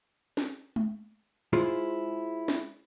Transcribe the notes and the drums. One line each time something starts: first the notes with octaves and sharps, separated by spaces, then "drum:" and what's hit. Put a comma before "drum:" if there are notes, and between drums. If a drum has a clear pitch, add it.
drum: snare
drum: tom G#3
G#3 E4 F4 G#4 C5
drum: snare